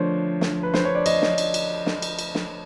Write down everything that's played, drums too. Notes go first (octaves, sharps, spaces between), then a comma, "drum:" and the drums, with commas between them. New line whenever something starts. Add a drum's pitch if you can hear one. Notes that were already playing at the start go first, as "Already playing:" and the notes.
Already playing: D3 F3 A3 D4 A#4 C5 C#5
drum: snare
B4
C5, drum: snare
C#5
D5
D#5, drum: cymbal
drum: snare
drum: cymbal
drum: cymbal
drum: snare
drum: cymbal
drum: cymbal
drum: snare